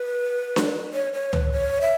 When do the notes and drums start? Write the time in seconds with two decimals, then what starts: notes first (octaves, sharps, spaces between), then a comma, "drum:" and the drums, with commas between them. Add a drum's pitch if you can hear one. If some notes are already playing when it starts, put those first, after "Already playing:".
Already playing: B4
0.56 drum: snare D4
0.93 C#5
1.13 C#5
1.33 B4, drum: tom C#2
1.52 C#5
1.81 E5